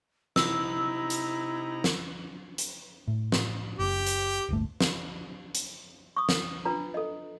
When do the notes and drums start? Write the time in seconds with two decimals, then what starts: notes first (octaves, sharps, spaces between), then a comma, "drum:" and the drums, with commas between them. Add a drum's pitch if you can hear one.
0.36 C3 D#4 E4 A#5 E6, drum: snare
1.10 drum: hi-hat
1.84 drum: snare
2.58 drum: hi-hat
3.08 A2
3.32 drum: snare
3.79 F#1 G4
4.06 drum: hi-hat
4.49 D1 G1 A3
4.81 drum: snare
5.55 drum: hi-hat
6.16 C#6 D#6
6.29 drum: snare
6.65 D4 F4 B4 A#5
6.94 A4 D#5